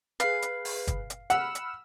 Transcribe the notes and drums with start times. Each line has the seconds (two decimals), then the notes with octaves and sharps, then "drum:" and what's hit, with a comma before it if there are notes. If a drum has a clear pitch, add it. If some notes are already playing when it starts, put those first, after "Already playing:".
0.20 G#4 B4 F5, drum: hi-hat
0.42 drum: hi-hat
0.65 drum: open hi-hat
0.87 drum: kick, hi-hat
1.10 drum: hi-hat
1.30 F#5 B5 E6 F6, drum: hi-hat
1.55 drum: hi-hat